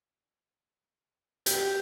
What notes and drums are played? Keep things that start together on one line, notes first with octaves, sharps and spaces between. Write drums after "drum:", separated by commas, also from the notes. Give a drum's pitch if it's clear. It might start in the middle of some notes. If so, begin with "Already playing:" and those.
G4, drum: hi-hat